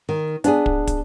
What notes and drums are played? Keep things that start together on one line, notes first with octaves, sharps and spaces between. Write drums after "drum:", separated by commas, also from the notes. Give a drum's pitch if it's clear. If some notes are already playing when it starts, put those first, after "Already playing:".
D#3
B3 D4 G#4, drum: hi-hat
drum: kick
drum: kick, hi-hat